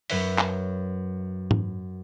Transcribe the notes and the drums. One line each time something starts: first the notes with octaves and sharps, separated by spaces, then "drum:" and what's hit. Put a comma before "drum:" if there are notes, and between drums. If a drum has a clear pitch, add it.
F#2 F#3 B4 C#5 E5, drum: open hi-hat
drum: clap
drum: tom G#2